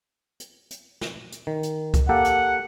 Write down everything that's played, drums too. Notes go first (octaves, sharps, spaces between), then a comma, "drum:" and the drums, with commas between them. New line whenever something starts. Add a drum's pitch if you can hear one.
drum: hi-hat
drum: hi-hat
drum: snare
drum: hi-hat
D#3
drum: hi-hat
drum: kick C2, hi-hat
A#3 G4 A4 F#5
drum: hi-hat